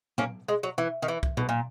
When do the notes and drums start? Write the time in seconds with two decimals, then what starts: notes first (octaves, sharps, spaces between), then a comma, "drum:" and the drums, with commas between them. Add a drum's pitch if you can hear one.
0.18 A#3 C#4, drum: tom A#2
0.48 G#3
0.63 F#3
0.78 E3
1.02 D#3
1.08 E3
1.23 drum: kick C2
1.37 B2, drum: tom A#2
1.49 A#2